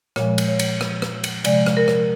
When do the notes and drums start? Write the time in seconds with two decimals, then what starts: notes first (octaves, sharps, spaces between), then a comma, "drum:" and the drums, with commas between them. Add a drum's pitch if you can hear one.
0.16 A#2 F3 G#3 C#5, drum: rim click
0.38 drum: cymbal
0.48 C#5
0.59 drum: cymbal
0.81 drum: rim click
1.02 drum: rim click
1.24 drum: cymbal
1.44 C3 F3 G#3 D5, drum: cymbal
1.66 drum: rim click
1.77 A#4
1.88 drum: rim click